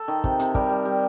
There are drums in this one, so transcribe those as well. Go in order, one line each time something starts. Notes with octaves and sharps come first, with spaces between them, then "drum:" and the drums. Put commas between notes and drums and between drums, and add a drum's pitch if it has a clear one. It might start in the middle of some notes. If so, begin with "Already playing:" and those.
Already playing: A4
D#3
C3, drum: kick
C3, drum: hi-hat
G3 A#4, drum: kick
G3
G3